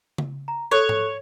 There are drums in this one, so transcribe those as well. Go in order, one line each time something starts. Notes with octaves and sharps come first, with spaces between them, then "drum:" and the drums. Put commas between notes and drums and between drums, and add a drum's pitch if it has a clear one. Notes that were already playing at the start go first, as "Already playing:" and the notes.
drum: tom C#3
A#5
A4 C#5 F#6 G#6
drum: tom G#2